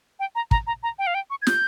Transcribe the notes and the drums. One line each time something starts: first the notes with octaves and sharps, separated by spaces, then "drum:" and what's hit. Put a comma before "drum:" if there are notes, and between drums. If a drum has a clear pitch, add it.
G5
A#5
A#5, drum: kick
A#5
A#5
G5
F5
G5
C#6
G#6
G6, drum: snare